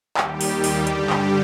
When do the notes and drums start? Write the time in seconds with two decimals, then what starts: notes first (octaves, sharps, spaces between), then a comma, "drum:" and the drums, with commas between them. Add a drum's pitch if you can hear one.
0.17 D#2 D#3 G3 G4, drum: clap
0.41 drum: open hi-hat
0.52 G4
0.64 drum: open hi-hat
0.87 G2 D3 G3 G4, drum: hi-hat
1.10 drum: clap